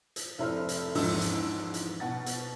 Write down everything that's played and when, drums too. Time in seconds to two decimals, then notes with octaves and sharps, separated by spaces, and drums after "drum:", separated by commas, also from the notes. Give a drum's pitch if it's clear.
0.16 drum: hi-hat
0.38 F1 E4 A4 C5 F6
0.69 drum: hi-hat
0.95 A#1 E2 G#2 F3 C#4 E6, drum: open hi-hat
1.21 drum: hi-hat
1.74 drum: hi-hat
2.00 B2 F#5 A6
2.26 drum: hi-hat